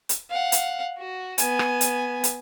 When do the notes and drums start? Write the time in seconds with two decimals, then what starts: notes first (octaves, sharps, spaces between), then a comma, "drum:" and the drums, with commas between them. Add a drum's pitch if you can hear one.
0.09 drum: hi-hat
0.30 F5 F#5
0.52 drum: hi-hat
0.98 F#4
1.38 B3 G#5, drum: hi-hat
1.59 drum: rim click
1.81 drum: hi-hat
2.24 drum: hi-hat